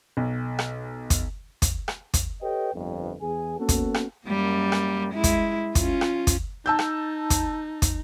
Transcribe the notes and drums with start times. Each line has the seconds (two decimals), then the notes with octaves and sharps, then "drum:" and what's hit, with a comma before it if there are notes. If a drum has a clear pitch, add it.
0.17 B1
0.59 drum: rim click
1.10 drum: kick, hi-hat
1.62 drum: kick, hi-hat
1.88 drum: rim click
2.14 drum: kick, hi-hat
2.41 G4 A4 B4 C#5 D#5 G5
2.73 G1 F2
3.21 E2 G#4 G#5
3.59 A#3 B3 C#4 F#4 A4
3.69 drum: kick, hi-hat
3.94 drum: rim click
4.27 F#2 G3 A#3
4.72 drum: rim click
5.13 G#3 E4
5.24 drum: kick, hi-hat
5.75 C#4 F4, drum: kick, hi-hat
6.01 drum: rim click
6.27 drum: kick, hi-hat
6.66 D#4 A5 E6 G6
6.79 drum: rim click
7.30 drum: kick, hi-hat
7.82 drum: kick, hi-hat